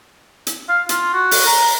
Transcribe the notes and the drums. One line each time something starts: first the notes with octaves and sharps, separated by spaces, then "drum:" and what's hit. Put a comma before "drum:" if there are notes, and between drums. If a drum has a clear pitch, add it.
drum: hi-hat
F5
F4, drum: hi-hat
F#4
drum: open hi-hat
A#5